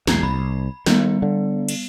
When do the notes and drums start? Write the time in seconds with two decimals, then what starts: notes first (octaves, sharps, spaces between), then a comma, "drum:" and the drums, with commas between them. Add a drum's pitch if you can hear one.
0.07 B1 E2 A#5 G#6 C7, drum: snare
0.23 C2 B5
0.86 D#3 G3 B3, drum: snare
1.22 D3
1.69 drum: cymbal